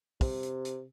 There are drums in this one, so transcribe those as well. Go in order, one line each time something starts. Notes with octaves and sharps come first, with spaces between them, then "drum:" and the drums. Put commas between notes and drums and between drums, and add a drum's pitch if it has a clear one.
C3, drum: kick, open hi-hat
drum: hi-hat
drum: hi-hat